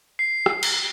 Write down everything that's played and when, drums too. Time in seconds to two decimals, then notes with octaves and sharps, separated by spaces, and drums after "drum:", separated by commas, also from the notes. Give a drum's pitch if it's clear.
0.19 C7
0.46 drum: rim click
0.63 drum: cymbal